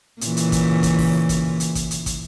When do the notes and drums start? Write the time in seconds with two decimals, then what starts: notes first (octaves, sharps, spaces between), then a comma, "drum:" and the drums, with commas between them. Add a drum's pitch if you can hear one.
0.21 A#2 C#3 E3, drum: hi-hat
0.37 drum: hi-hat
0.52 drum: kick, hi-hat
0.83 drum: kick, hi-hat
0.98 drum: kick, open hi-hat
1.29 drum: kick, hi-hat
1.60 drum: hi-hat
1.75 drum: kick, hi-hat
1.91 drum: hi-hat
2.06 drum: kick, hi-hat